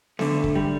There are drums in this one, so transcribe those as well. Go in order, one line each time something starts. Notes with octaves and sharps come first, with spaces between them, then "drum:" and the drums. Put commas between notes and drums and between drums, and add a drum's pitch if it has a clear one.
D2 D3 A3, drum: snare B3
drum: kick
G3